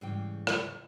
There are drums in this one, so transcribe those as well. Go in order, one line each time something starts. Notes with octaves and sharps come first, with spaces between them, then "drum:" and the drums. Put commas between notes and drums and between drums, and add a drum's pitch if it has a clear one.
G#2 C#3 E3 G3 G5
drum: rim click